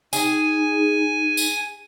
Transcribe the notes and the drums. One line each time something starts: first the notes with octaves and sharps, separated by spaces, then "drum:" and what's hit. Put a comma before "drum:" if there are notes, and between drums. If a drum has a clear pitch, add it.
D#4 G#4 G#5, drum: tambourine
drum: tambourine